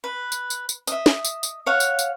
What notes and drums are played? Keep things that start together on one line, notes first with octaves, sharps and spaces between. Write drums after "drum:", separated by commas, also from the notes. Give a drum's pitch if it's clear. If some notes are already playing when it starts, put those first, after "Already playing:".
B4
drum: tambourine
drum: tambourine
drum: tambourine
D#5 E5, drum: tambourine
drum: snare
drum: tambourine
drum: tambourine
C#5 F5 F#5
drum: tambourine
drum: tambourine